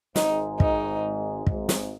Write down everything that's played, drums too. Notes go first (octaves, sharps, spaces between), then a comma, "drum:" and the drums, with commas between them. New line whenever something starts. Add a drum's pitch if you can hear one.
G#1 G#2 D#4, drum: snare
D#4, drum: kick
G#1 G#2, drum: kick
drum: snare